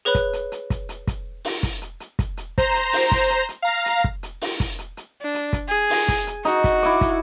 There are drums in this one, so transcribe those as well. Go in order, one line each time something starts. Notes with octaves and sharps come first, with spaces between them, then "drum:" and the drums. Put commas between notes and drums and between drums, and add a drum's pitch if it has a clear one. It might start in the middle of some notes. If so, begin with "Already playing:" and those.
G#4 B4 C#5 B5 F#6
drum: kick, hi-hat
drum: hi-hat
drum: hi-hat
drum: kick, hi-hat
drum: hi-hat
drum: kick, hi-hat
drum: open hi-hat
drum: kick, hi-hat
drum: hi-hat
drum: hi-hat
drum: kick, hi-hat
drum: hi-hat
C5 A#5, drum: kick, hi-hat
drum: hi-hat
drum: open hi-hat
drum: kick
drum: hi-hat
drum: hi-hat
F5 A#5
drum: hi-hat
drum: kick
drum: hi-hat
drum: open hi-hat
drum: kick, hi-hat
drum: hi-hat
drum: hi-hat
D4
drum: hi-hat
drum: kick, hi-hat
G#4
drum: open hi-hat
drum: kick, hi-hat
drum: hi-hat
D#4 F#4, drum: hi-hat
drum: kick, hi-hat
E4 D6, drum: hi-hat
drum: kick, hi-hat